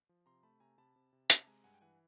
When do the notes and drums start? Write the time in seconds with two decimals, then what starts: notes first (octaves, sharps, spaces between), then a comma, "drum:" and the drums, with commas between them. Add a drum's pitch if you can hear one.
0.09 F3
0.26 C3 A#5 C6
0.43 A3 A5 B5
0.60 C3 G#5 A#5
0.78 C3 A5 B5
0.96 C3
1.13 C3
1.30 C3, drum: hi-hat
1.40 A5
1.47 G#3 G#5 A#5
1.64 G2 F#5 G#5
1.74 G5
1.81 E3 F#5 G#5